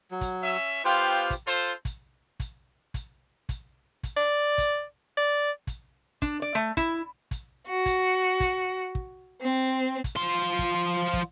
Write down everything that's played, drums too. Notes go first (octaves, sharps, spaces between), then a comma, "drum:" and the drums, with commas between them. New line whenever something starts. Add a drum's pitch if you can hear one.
F#3
drum: kick, hi-hat
C#4 E5
B3 F4 G4 C5 F5 G5
drum: kick, hi-hat
F4 A4 C5 C6
drum: kick, hi-hat
drum: kick, hi-hat
drum: kick, hi-hat
drum: kick, hi-hat
drum: kick, hi-hat
D5
drum: kick, hi-hat
D5
drum: kick, hi-hat
D4, drum: kick
D5
A3
E4, drum: kick, hi-hat
drum: kick, hi-hat
F#4
drum: kick, hi-hat
drum: kick, hi-hat
drum: kick
C4
drum: kick, hi-hat
F3 C6
drum: kick, hi-hat
drum: kick, hi-hat